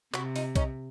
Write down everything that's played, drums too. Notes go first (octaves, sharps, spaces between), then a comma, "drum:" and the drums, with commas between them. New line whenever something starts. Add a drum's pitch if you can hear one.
C3 E4 F#4, drum: clap
D#4 F4, drum: open hi-hat
C#4 D#4, drum: kick B1, hi-hat